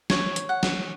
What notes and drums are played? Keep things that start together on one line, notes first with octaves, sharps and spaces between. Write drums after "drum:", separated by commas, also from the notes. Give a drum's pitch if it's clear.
C#5, drum: snare
drum: hi-hat
F#5
drum: snare